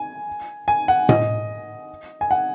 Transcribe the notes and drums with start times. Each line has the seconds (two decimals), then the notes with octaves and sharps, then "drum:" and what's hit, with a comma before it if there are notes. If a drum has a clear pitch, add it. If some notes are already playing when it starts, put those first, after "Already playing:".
Already playing: G#5
0.68 G#5
0.88 F#5
1.09 D#5, drum: tom A2
2.21 G#5
2.31 F#5